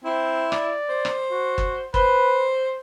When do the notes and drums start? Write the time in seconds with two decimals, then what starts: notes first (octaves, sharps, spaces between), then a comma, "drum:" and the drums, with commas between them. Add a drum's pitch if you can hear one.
0.05 C4 E4
0.52 D5, drum: rim click
0.89 C5
1.05 drum: rim click
1.31 F#4
1.58 drum: kick
1.94 B4 C5, drum: kick